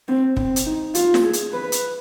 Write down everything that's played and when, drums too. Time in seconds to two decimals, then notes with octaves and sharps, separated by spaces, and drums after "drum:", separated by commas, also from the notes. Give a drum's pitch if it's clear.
0.08 C4
0.37 C4, drum: kick
0.56 drum: hi-hat
0.65 D#4
0.95 F4, drum: hi-hat
1.14 drum: snare
1.23 G#4
1.33 drum: hi-hat
1.52 B4
1.72 drum: hi-hat